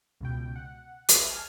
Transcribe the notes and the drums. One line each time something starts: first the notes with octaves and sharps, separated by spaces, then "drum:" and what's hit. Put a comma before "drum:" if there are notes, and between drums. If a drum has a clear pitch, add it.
C#2 B2 G5
F#5
G#4 B4 E5 D#6, drum: hi-hat
G#5 A5 F6